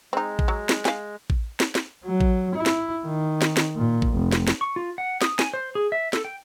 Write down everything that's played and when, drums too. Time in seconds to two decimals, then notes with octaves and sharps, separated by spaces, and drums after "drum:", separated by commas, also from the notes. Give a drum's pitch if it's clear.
0.13 G#3 C4 D#4
0.39 drum: kick A1
0.48 F#3
0.69 drum: snare
0.85 F5 G#5, drum: snare
1.30 drum: kick A1
1.60 drum: snare
1.75 drum: snare
2.05 F#3
2.21 drum: kick A1
2.55 E4
2.66 drum: snare
3.05 D#3
3.42 drum: snare
3.57 drum: snare
3.77 A#2
4.02 drum: kick A1
4.12 F1
4.32 drum: snare
4.48 drum: snare
4.61 C#6
4.76 F4
4.98 F#5
5.22 D#6, drum: snare
5.39 G#5, drum: snare
5.54 C5
5.75 G#4
5.92 E5
6.13 A4, drum: snare
6.25 G5